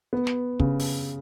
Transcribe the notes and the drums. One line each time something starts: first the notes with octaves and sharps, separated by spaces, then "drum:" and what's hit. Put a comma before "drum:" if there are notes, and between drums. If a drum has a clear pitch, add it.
B3
drum: snare
C#3, drum: kick
drum: open hi-hat